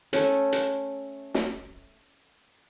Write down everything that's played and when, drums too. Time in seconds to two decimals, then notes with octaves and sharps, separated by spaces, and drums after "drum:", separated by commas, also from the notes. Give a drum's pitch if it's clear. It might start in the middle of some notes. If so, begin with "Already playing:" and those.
0.13 A3 C#4, drum: hi-hat
0.53 drum: hi-hat
1.34 drum: snare